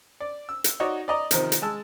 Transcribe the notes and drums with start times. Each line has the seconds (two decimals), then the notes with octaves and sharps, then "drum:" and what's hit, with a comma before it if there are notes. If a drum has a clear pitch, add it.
0.20 D5
0.49 E6
0.64 drum: hi-hat
0.80 D#4 F#4 C#5 D5
1.08 D5 D#5 A#5
1.31 C3 D#3 F3 C4, drum: hi-hat
1.52 drum: hi-hat
1.62 G#3 A5 E6